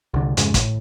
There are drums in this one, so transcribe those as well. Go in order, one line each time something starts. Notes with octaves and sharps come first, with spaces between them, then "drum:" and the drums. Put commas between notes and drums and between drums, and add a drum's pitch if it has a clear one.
C2 D3
F2 G#2 C#3 G#3, drum: hi-hat
A2, drum: kick, hi-hat